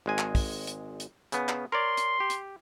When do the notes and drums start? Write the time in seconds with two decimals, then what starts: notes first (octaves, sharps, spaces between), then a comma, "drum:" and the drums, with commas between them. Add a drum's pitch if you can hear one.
0.06 G#1 G#3 G#5
0.19 drum: clap
0.35 drum: kick, open hi-hat
0.67 drum: hi-hat
1.00 drum: hi-hat
1.32 C#3 B3, drum: hi-hat
1.49 drum: clap
1.72 A#4 C#5 D5 C6
1.97 drum: hi-hat
2.20 G4
2.30 drum: hi-hat